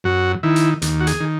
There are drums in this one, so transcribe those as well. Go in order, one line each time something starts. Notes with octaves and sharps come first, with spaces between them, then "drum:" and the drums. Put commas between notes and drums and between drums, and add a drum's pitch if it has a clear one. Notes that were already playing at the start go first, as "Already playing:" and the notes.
F#2 F#4
D#3 E4
drum: hi-hat
D#2, drum: hi-hat
F#4
G#4, drum: hi-hat
D#3